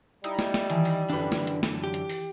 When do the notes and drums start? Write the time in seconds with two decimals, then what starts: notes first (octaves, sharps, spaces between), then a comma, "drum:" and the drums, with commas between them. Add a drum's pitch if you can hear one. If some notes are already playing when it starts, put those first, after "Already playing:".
0.24 G3 D#4 E4, drum: hi-hat
0.39 drum: snare
0.54 drum: snare
0.70 D#3 E3 A5, drum: hi-hat
0.85 drum: open hi-hat
1.10 F#2 D3 D4 B4
1.32 drum: snare
1.47 drum: hi-hat
1.63 drum: snare
1.84 G4
1.94 drum: hi-hat
2.09 drum: open hi-hat